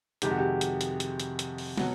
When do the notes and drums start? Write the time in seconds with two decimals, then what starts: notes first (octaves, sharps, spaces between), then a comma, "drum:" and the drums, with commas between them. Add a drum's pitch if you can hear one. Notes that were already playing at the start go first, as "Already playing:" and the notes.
0.22 F2 C3 D#3 G#3 G4, drum: hi-hat
0.30 F#4
0.38 G4
0.61 drum: hi-hat
0.81 drum: hi-hat
1.00 drum: hi-hat
1.20 drum: hi-hat
1.39 drum: hi-hat
1.58 drum: open hi-hat
1.77 B2 F#3 F#4, drum: snare